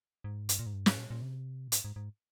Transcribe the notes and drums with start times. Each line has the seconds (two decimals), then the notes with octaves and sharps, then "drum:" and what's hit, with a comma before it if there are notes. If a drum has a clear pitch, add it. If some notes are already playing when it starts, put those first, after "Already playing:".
0.24 G#2
0.49 G2, drum: hi-hat
0.59 A#2
0.66 G#2
0.73 G2
0.86 G#2, drum: snare
0.98 A#2
1.10 A#2
1.22 C3
1.68 A#2
1.72 G#2, drum: hi-hat
1.84 G#2
1.96 G#2